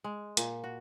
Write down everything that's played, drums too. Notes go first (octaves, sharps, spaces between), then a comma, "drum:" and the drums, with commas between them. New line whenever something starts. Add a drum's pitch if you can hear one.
G#3
A#2, drum: hi-hat
F#4